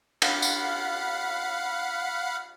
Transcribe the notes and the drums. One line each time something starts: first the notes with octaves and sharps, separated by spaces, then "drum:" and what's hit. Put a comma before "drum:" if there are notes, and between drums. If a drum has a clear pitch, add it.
F5 F#5 B5, drum: cymbal
drum: tambourine